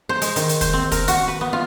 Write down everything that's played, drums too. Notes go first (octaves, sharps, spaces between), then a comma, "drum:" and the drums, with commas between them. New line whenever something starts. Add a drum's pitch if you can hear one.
C5
G#3, drum: hi-hat
D#3, drum: hi-hat
drum: hi-hat
C5, drum: kick, hi-hat
C4
A#4, drum: kick, hi-hat
F#4, drum: hi-hat
B4
B3
F4